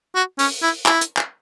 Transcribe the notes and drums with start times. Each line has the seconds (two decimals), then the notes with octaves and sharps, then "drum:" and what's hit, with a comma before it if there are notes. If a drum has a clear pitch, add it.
0.15 F#4
0.39 C#4, drum: open hi-hat
0.63 E4
0.86 E4, drum: clap
1.01 drum: hi-hat
1.17 drum: clap